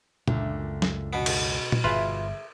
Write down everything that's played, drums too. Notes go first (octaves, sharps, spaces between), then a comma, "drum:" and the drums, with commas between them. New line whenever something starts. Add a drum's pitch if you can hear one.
C#2 F#2 A#2 D3 A3, drum: tom A#2
drum: snare F#3
B2 B3 C#4
drum: cymbal
drum: tom A#2
G1 F4 G#4 B4 E5